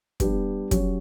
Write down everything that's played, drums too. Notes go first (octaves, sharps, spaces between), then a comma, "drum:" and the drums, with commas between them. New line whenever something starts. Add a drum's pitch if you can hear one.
G3 B3 D4 G4 B4, drum: kick, hi-hat
F#3 C#4 G4 C#5, drum: kick, hi-hat